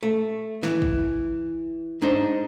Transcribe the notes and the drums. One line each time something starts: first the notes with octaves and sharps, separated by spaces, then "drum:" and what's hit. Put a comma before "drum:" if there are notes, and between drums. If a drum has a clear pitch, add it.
A3
E3, drum: snare
drum: kick
G#2 D4 D#4 C5